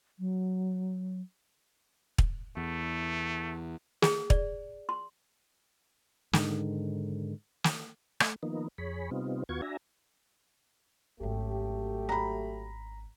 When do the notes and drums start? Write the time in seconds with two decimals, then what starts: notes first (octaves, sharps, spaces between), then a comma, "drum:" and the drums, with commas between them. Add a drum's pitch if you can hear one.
0.19 F#3
2.18 drum: kick
2.57 E2 A3
4.02 G#4, drum: snare
4.30 D5, drum: kick
4.89 C6
6.33 G#2 D3 D#3, drum: snare
7.64 drum: snare
8.20 A3, drum: rim click
8.43 D#3 F3 A#3 B3 D#4
8.78 F2 G#4 C#5 B5
9.11 C3 G3 B3 C4 D#4 F4
9.49 D#2 B3 F4 F#4 C#6 G#6
9.62 D4 F#4 E5 G#5 A#5
11.21 G#1 F#3 A3 C#4 G4
12.09 A#5 B5